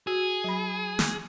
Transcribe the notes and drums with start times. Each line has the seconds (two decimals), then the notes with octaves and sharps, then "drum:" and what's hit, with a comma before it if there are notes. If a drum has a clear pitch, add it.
0.07 F#4 G#4
0.44 F#3 B5
0.99 drum: snare